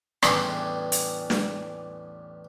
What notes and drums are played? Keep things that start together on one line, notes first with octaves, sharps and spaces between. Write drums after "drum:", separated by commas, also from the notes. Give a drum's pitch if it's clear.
A1 E2 G3 D4 G#4 A4, drum: rim click
drum: hi-hat
drum: snare